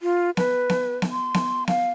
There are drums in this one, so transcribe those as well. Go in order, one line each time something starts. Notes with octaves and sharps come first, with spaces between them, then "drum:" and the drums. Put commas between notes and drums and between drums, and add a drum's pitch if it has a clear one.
F4
B4, drum: snare B3
drum: snare B3
drum: snare B3
C6
drum: snare B3
F5, drum: snare B3